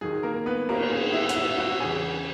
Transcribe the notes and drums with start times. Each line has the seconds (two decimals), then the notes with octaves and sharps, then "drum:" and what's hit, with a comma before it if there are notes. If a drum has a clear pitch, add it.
0.01 D#2 D#3 F#3 G#4
0.23 A#3 A#4
0.46 B3 B4
0.69 A#3 A#4, drum: cymbal
0.91 G#4
1.13 E4 E5
1.29 F#5, drum: hi-hat
1.36 E4 E5
1.49 E5
1.58 F#4 F#5
1.80 E2 C#3 E3 G#4 G#5